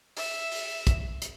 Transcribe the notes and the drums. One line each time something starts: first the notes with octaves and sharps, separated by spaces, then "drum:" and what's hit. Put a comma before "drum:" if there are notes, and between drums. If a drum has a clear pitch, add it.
E5, drum: open hi-hat
drum: open hi-hat
drum: kick, hi-hat
drum: hi-hat